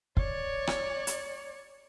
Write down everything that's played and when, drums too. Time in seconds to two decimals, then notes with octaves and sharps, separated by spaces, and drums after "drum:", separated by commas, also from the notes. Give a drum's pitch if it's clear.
0.17 C#5 D5, drum: kick
0.67 drum: rim click
1.07 drum: hi-hat